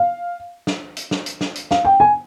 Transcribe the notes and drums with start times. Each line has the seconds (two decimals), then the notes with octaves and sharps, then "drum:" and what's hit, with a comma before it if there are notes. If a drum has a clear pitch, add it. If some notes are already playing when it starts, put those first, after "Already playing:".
Already playing: F5
0.67 drum: snare
0.97 drum: hi-hat
1.11 drum: snare
1.26 drum: hi-hat
1.41 drum: snare
1.55 drum: hi-hat
1.71 F5, drum: snare
1.85 G5
2.00 G#5